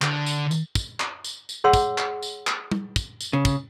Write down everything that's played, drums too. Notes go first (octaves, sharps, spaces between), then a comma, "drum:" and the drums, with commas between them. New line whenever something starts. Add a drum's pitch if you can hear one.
D3, drum: clap
drum: tambourine
drum: tambourine
drum: kick, tambourine
drum: clap
drum: tambourine
drum: tambourine
G#4 C#5 F#5 C6 E6
drum: kick, tambourine
drum: clap
drum: tambourine
drum: clap
drum: tom
drum: kick, tambourine
drum: tambourine
C#3
drum: kick, tambourine